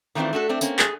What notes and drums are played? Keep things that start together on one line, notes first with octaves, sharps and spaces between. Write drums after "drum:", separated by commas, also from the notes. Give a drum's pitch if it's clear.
D#3 E3 A3 C4 D4 F4
A3 D4 F#4 A4
A3 C4 D4
A#3 C4 C#4, drum: tambourine
G#4, drum: clap